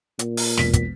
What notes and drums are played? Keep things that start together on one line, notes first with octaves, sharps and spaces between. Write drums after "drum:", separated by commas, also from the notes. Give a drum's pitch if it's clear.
A#2, drum: hi-hat
drum: open hi-hat
E1 B6, drum: snare
drum: kick, hi-hat